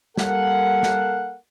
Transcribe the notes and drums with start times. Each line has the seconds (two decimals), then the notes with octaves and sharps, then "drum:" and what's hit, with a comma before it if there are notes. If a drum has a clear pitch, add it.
0.17 G3 A#3 A4 A#4 F5 F#5, drum: snare
0.83 drum: snare